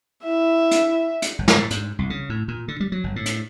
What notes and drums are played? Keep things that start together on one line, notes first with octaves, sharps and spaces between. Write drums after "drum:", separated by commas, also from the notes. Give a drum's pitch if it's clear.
E4 E5
drum: hi-hat
drum: hi-hat
G1
drum: snare
A2
G#2, drum: hi-hat
C2
C#3
A2
A#2
D3
G3
F#3
G1
A2
drum: hi-hat